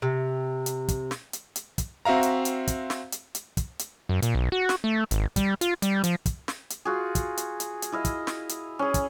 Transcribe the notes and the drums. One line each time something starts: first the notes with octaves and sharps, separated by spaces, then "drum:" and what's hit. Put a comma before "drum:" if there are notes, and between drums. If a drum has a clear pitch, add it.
C3
drum: hi-hat
drum: kick, hi-hat
drum: snare
drum: hi-hat
drum: hi-hat
drum: kick, hi-hat
C4 F#4 E5 F5 A#5
drum: hi-hat
drum: hi-hat
drum: kick, hi-hat
drum: snare
drum: hi-hat
drum: hi-hat
drum: kick, hi-hat
drum: hi-hat
F#2
A#2, drum: hi-hat
B1
F#4
drum: snare
A3
G#1, drum: hi-hat
G3, drum: kick, hi-hat
F4, drum: hi-hat
G3, drum: hi-hat
F3, drum: hi-hat
drum: kick, hi-hat
drum: snare
drum: hi-hat
F4 F#4 G#4
drum: kick, hi-hat
drum: hi-hat
drum: hi-hat
drum: hi-hat
E4 D#5 F5
drum: kick, hi-hat
drum: snare
drum: hi-hat
C#4 G#4
drum: kick, hi-hat